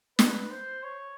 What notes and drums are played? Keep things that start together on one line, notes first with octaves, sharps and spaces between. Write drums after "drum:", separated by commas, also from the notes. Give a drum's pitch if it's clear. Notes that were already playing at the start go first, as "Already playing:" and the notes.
B4, drum: snare
C5
C#5